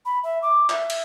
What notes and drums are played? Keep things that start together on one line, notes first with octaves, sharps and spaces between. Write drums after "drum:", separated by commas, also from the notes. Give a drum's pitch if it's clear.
B5
E5
D6
E5, drum: clap
drum: cymbal